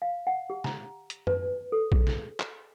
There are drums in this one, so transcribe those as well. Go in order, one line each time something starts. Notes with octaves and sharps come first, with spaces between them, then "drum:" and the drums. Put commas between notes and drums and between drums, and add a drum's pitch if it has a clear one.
F5
F#5
G4
A#5, drum: snare
drum: hi-hat
B4, drum: tom F#2
A4
G#4, drum: kick A#1
drum: snare
drum: clap